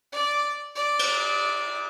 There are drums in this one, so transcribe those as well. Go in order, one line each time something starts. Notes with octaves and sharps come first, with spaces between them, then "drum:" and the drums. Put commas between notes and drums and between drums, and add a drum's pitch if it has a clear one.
D5
D5
drum: cymbal